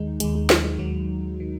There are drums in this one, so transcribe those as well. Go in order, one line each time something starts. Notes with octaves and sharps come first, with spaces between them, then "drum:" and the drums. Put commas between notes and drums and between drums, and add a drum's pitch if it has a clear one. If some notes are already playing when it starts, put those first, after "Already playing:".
Already playing: D#2 D#3 G#3 D#4
D#2 D#3 G#3, drum: hi-hat
G#3
F#3, drum: snare
G#3
D#2 D#3 F#3
D#3